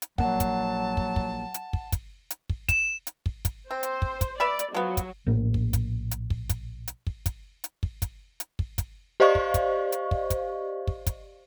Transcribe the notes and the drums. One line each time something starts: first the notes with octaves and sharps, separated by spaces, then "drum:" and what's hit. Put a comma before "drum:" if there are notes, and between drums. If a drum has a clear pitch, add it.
drum: hi-hat
A#1 F#3 A#3 F#5 A5, drum: kick
drum: kick, hi-hat
drum: kick
drum: kick
drum: hi-hat
drum: kick
drum: kick, hi-hat
drum: hi-hat
drum: kick
E7, drum: kick, hi-hat
drum: hi-hat
drum: kick
drum: kick, hi-hat
C4 C5
drum: hi-hat
drum: kick
drum: kick, hi-hat
B4 D5 E5 B5
drum: hi-hat
F3 F#3 B3
drum: kick, hi-hat
A#1 A2 A#3
drum: kick
drum: kick, hi-hat
drum: hi-hat
drum: kick
drum: kick, hi-hat
drum: hi-hat
drum: kick
drum: kick, hi-hat
drum: hi-hat
drum: kick
drum: kick, hi-hat
drum: hi-hat
drum: kick
drum: kick, hi-hat
G4 C5 D5 D#5 F5 C#6
drum: kick
drum: kick, hi-hat
drum: hi-hat
drum: kick
drum: kick, hi-hat
drum: kick
drum: kick, hi-hat